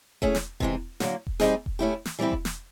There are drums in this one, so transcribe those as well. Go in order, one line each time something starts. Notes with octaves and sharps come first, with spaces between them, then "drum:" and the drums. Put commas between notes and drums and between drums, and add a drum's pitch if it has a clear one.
A3 C#4 E4 G#4, drum: kick E1
drum: snare
C3 E3 G#3 C4, drum: kick E1
D3 F#3 A#3, drum: snare
drum: kick E1
G3 C4 D#4 G#4, drum: snare
drum: kick E1
A3 C#4 E4 G4
drum: snare
E3 G3 C4 E4 G4
drum: kick E1
drum: snare